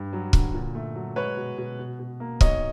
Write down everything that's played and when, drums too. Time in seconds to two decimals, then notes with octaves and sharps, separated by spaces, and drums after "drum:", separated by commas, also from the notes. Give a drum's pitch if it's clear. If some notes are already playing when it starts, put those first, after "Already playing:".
Already playing: G2
0.13 F#3
0.33 D3, drum: kick
0.54 A#2
0.75 A3
0.96 F#3
1.16 G#3 B4 C#5
1.37 B2
1.58 B2
1.79 B2
1.99 B2
2.20 A#3
2.41 B1 C#5 D#5, drum: kick